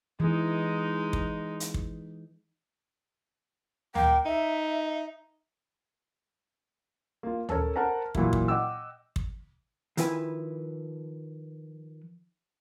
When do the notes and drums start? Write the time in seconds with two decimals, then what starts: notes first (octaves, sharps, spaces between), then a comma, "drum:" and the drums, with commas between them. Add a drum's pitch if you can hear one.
0.20 E3 G#3 D#4
1.13 drum: kick
1.60 drum: hi-hat
1.74 drum: kick
3.95 A#3 G5, drum: tom D2
4.26 D#4 E5
7.23 A#3 F4
7.49 C#4 A4 A#4 C#5, drum: tom D2
7.76 A#4 C5 F#5 A5 A#5
8.15 A#2 E3 F#3 A#3 E4, drum: kick
8.33 drum: kick
8.48 D#5 F#5 G5 D6 E6
9.16 drum: kick
9.97 D#3 F3 E4 B4 G#5, drum: hi-hat